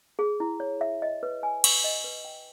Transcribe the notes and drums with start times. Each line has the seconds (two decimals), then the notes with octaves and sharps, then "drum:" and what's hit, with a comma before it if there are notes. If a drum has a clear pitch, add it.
0.19 G#4
0.40 E4
0.60 C#5
0.81 E5
1.02 D#5
1.23 B4
1.43 G#5
1.64 C#6, drum: cymbal
1.84 D#5
2.04 B4
2.25 G5